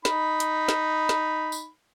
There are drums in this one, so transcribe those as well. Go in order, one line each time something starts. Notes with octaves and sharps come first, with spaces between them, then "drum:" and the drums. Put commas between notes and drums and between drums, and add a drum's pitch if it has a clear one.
D#4 B5, drum: snare
drum: hi-hat
drum: snare
drum: snare
drum: tambourine